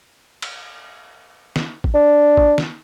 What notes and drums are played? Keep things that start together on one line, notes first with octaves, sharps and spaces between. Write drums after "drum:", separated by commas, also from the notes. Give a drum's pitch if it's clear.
drum: cymbal
drum: snare
drum: kick G#1
D4
drum: kick G#1
drum: snare